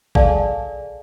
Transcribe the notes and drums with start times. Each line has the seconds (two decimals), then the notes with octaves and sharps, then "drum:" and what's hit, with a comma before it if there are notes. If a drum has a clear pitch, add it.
0.15 G#4 A4 D5 F5 G#5 A5, drum: kick G#1